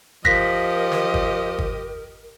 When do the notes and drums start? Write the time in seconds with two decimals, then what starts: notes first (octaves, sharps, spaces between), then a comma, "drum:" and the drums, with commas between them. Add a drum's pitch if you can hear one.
0.25 F3 G4 A#4 D#5 F#6 A#6 B6, drum: kick
0.92 drum: snare
1.14 drum: kick
1.59 drum: kick